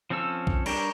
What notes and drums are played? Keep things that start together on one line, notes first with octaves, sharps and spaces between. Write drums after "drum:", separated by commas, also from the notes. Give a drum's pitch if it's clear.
F3 C4 C#4 A4 E6
drum: kick B1
G3 D4 G4 A#4 C#5, drum: cymbal